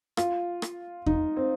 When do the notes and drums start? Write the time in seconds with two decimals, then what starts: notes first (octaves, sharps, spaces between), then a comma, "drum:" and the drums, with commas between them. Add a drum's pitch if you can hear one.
0.17 F4, drum: rim click
0.62 drum: rim click
1.06 D#4, drum: kick E2
1.37 C4